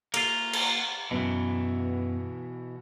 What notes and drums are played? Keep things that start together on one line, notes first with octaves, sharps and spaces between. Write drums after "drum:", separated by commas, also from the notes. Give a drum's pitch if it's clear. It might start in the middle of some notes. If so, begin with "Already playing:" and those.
A#3 F4, drum: cymbal
drum: cymbal
F#2 B2 E3 B3